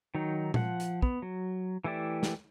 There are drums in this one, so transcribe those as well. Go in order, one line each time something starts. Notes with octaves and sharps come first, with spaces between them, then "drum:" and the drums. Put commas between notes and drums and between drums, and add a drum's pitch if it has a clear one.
D#3 F#3 D#4
F3 F#5, drum: tom A#2
drum: hi-hat
B3, drum: kick
F#3
E3 A3 E4 G4 D5
drum: snare